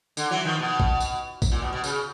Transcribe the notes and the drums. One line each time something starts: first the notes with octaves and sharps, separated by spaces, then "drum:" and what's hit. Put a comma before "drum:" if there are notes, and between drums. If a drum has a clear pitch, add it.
D3, drum: tambourine
E3 F#3
D#3 F3
B2
drum: kick
drum: tambourine
drum: kick, tambourine
A#2
B2
B2
C#3, drum: tambourine